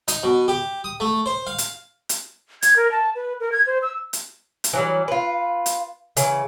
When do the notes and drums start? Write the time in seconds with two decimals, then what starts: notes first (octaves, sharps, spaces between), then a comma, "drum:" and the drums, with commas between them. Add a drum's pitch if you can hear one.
0.08 D#4, drum: hi-hat
0.23 B2
0.48 G4
0.84 D#6
1.00 A3
1.26 C5
1.47 F5
1.58 drum: hi-hat
2.09 drum: hi-hat
2.62 G#6, drum: hi-hat
2.76 A#4
2.92 A5
3.15 B4
3.40 A#4
3.52 G#6
3.67 C5
3.82 E6
4.13 drum: hi-hat
4.64 drum: hi-hat
4.73 E3 F#3 G3
5.08 F4 B4
5.66 drum: hi-hat
6.17 C#3 E3, drum: hi-hat